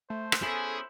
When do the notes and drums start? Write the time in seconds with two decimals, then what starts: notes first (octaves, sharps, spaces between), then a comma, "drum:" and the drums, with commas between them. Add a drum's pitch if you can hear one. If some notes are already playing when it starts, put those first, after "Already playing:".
0.10 A3 C5
0.32 drum: rim click
0.43 B3 C#4 E4 G#4 A4